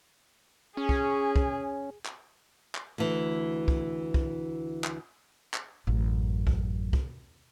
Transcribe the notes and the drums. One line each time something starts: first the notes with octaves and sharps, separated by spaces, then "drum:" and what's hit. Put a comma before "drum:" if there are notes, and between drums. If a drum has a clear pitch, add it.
C#4 G#4
drum: kick
drum: kick
drum: clap
drum: clap
D2 E3
drum: kick
drum: kick
drum: clap
drum: clap
A1 F#2
drum: kick
drum: kick